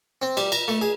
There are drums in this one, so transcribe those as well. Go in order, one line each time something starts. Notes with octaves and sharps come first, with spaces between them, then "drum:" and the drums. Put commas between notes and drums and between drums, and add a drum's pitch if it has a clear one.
C4
G3, drum: cymbal
A#5, drum: cymbal
A3
G#4